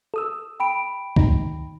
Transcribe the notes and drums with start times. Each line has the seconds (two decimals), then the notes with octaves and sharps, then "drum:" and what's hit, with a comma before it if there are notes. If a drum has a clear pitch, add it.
0.14 A4 D#6 E6
0.60 G5 B5 D7
1.16 D#3 D#4, drum: kick C#2